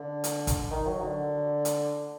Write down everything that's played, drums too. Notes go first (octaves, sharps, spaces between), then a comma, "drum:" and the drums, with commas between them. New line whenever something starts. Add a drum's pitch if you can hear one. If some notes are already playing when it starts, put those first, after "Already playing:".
Already playing: D3
drum: hi-hat
drum: kick, hi-hat
D#3
F#3
D3
drum: hi-hat